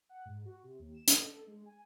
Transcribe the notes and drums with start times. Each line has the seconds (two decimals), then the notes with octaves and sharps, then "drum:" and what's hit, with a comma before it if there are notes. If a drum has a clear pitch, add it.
0.09 F#5
0.25 G#2
0.45 F#4
0.63 C3
0.79 D#2
0.94 E7
1.08 D#5, drum: hi-hat
1.22 A4
1.47 G#3
1.65 G#5